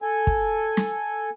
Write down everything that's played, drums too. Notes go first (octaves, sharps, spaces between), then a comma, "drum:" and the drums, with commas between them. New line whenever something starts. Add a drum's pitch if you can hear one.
A4 G#5
drum: kick
drum: snare